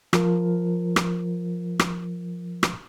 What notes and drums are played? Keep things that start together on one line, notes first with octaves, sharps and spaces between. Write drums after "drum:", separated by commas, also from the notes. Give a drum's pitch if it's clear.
F3 F4 A#4, drum: rim click
drum: rim click
drum: rim click
drum: rim click